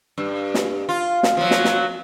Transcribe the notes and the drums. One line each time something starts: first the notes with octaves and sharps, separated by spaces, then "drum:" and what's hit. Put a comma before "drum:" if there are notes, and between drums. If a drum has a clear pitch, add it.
G2
drum: snare
F4
drum: snare
F3 F#3
drum: snare
drum: snare